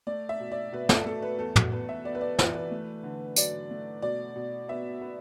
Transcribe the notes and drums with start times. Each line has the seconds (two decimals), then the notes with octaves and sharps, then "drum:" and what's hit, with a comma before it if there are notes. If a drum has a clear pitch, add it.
0.07 A3 D5
0.29 E5
0.40 B2
0.52 D5
0.72 B2 B4
0.89 A4, drum: snare
1.06 A3 A4
1.22 B4
1.39 E2 A4
1.56 F#4, drum: tom
1.72 E2 B4
1.89 E5
2.05 B3 D5
2.15 B4
2.21 D5
2.39 E3, drum: snare
2.54 B4
2.71 A3
3.03 D3
3.36 F#3 D5, drum: tambourine
3.71 A3
4.02 B2 D5
4.36 B2
4.68 B3 E5
5.01 B3